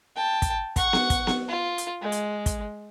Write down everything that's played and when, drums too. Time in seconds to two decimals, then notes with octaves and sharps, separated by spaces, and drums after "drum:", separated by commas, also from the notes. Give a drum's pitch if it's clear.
0.16 G5 A5
0.42 drum: kick, hi-hat
0.76 F#5 C#6, drum: kick, hi-hat
0.93 drum: snare B3
1.10 drum: kick, hi-hat
1.27 drum: snare B3
1.48 F4
1.78 drum: hi-hat
2.01 G#3
2.12 drum: hi-hat
2.46 drum: kick, hi-hat